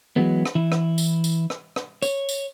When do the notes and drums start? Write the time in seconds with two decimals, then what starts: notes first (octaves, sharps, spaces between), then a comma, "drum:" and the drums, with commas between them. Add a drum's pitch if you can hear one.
0.16 E3 F#3 G#3 B3
0.45 drum: rim click
0.55 E3 E4
0.72 drum: rim click
0.98 drum: tambourine
1.24 drum: tambourine
1.50 drum: rim click
1.76 drum: rim click
2.02 C#5, drum: tambourine
2.29 drum: tambourine